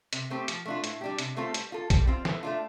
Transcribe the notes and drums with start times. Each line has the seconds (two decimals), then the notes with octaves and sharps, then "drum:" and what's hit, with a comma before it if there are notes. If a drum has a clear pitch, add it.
0.13 C3, drum: hi-hat
0.30 A3 C4 G4
0.48 F3, drum: hi-hat
0.66 A3 D4 F4
0.84 A2, drum: hi-hat
1.01 G3 D4 G4
1.18 C3, drum: hi-hat
1.37 A3 C4 F4 A4
1.54 G3, drum: hi-hat
1.72 F4 A4
1.90 G3, drum: kick, hi-hat
2.07 C4 F4
2.25 A2, drum: snare
2.43 A3 D4 F4